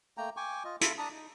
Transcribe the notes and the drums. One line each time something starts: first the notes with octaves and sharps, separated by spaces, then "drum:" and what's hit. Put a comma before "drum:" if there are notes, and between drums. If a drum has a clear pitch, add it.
A3 A#3 G5 A#5
G5 G#5 C#6 D6
F4 D#5
E4 F4 A4, drum: hi-hat
D4 A5 A#5 D#6
D#4